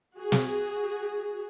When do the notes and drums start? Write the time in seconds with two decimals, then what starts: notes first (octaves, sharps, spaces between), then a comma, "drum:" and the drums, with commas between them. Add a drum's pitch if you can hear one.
0.16 F#4 G#4
0.32 drum: snare